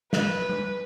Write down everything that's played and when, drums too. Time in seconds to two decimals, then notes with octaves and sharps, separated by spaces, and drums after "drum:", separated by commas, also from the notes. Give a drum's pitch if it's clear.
0.13 B4, drum: snare
0.49 drum: tom G3